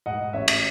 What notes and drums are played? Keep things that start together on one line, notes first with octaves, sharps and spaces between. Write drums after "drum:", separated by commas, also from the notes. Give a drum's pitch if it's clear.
G#2 D#5 F#5
A1 C#5 E5
drum: cymbal